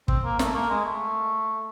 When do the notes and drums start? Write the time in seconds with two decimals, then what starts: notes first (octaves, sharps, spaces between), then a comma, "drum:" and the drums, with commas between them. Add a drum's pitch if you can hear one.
0.08 C4, drum: kick
0.24 A#3
0.39 A3, drum: snare
0.54 A#3
0.70 G#3
0.85 A3